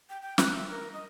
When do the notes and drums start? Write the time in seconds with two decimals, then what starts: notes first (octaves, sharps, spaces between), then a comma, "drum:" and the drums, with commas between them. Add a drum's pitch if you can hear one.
0.10 G5
0.22 G5
0.38 F#6, drum: snare
0.55 E5
0.71 A#4
0.94 D#5